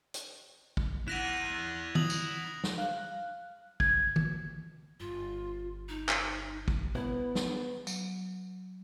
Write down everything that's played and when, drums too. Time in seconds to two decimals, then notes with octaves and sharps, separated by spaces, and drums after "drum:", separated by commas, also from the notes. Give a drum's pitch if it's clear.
0.14 drum: hi-hat
0.77 drum: kick
1.08 E4 F#5 F#6 A#6 F7
1.95 D#6 F#7, drum: tom D#3
2.10 drum: tambourine
2.64 drum: snare
2.78 F5 F#6
3.80 G#6, drum: kick
4.16 drum: tom
5.00 G1 F4
5.89 D#4
6.09 drum: clap
6.68 drum: kick
6.95 B3 E4, drum: tom B2
7.35 drum: snare
7.87 F#3, drum: tambourine